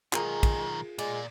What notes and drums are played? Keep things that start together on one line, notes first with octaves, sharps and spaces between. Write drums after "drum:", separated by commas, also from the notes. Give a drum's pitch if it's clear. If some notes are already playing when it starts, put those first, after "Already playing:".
B1 D#3 G#3 F4 G#4 A#4, drum: clap
drum: kick, cymbal
A#2 G#3 D5, drum: cymbal